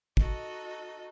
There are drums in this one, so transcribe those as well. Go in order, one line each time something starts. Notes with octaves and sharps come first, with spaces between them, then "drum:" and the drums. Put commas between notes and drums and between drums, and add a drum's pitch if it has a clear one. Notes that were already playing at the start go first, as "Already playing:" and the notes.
D#4 F#4 A4 D#5, drum: kick